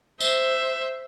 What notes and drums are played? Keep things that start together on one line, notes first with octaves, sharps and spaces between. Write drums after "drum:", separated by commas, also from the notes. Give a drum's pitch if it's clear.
C5 E5, drum: tambourine